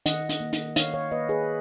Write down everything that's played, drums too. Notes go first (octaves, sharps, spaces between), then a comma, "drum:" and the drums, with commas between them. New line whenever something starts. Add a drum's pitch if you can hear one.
D#3 D#5 F#5, drum: hi-hat
drum: hi-hat
A#3
drum: hi-hat
D#3 C#5 F5, drum: hi-hat
C#5 F5
A#3 B4 D#5
G#4 B4